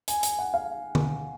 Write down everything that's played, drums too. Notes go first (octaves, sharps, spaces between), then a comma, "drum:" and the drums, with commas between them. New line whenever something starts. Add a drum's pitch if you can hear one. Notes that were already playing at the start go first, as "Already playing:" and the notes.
G#5, drum: hi-hat
G#5, drum: hi-hat
F#5
F5
drum: tom D3